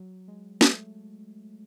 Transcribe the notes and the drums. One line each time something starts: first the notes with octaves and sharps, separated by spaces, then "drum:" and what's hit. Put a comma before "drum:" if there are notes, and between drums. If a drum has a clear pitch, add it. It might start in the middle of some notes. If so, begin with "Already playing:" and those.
Already playing: F#3
G#3
A3, drum: snare